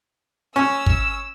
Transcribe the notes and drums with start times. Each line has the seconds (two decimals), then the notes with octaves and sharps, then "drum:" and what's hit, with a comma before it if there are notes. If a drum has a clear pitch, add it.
0.56 C#4 E6
0.86 drum: kick